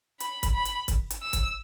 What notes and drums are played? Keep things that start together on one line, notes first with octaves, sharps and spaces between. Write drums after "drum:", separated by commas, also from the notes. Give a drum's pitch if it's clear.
B5, drum: hi-hat
drum: kick C#1, hi-hat
B5
drum: hi-hat
drum: kick C#1, hi-hat
drum: hi-hat
E6
drum: kick C#1, hi-hat